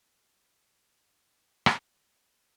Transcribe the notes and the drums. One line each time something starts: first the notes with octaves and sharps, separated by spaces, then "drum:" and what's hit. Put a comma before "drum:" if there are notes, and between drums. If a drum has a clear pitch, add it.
D#3 F3 B3 C4 C5 D5
G#2 E4
drum: rim click